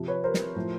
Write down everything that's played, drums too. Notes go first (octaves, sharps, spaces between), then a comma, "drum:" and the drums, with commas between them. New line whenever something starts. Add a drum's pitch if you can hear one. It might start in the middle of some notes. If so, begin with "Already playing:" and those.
Already playing: C3 F3
B4 C#5
A#4 C5
drum: snare
A2 F3